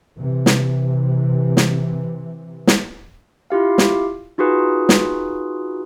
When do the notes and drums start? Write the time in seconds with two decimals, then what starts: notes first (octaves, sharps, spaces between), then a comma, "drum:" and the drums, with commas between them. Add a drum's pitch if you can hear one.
0.19 C3 E3
0.46 drum: snare
1.57 drum: snare
2.67 drum: snare
3.50 E4 F4 G4 F5
3.78 drum: snare
4.38 D#4 F4 F#4 G#4 B4
4.89 drum: snare